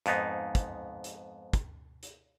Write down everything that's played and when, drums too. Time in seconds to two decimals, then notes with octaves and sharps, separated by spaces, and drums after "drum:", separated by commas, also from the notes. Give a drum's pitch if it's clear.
0.06 F2 G#2 B3 D#4, drum: hi-hat
0.55 drum: kick, hi-hat
1.04 drum: hi-hat
1.53 drum: kick, hi-hat
2.03 drum: hi-hat